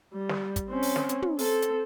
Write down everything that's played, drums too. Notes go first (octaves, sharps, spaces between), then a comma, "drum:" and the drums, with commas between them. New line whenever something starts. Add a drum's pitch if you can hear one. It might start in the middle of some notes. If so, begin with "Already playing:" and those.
G3
drum: snare
drum: kick, hi-hat
C4 C#4
drum: open hi-hat
drum: snare
drum: hi-hat
drum: tom
C4 A4, drum: open hi-hat
drum: hi-hat